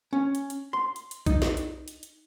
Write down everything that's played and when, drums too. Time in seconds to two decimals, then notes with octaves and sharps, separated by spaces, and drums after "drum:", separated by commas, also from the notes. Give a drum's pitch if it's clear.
0.13 C#4
0.35 drum: hi-hat
0.50 drum: hi-hat
0.73 C6
0.96 drum: hi-hat
1.11 drum: hi-hat
1.26 D#4, drum: kick B1, hi-hat
1.42 drum: snare
1.57 drum: hi-hat
1.88 drum: hi-hat
2.03 drum: hi-hat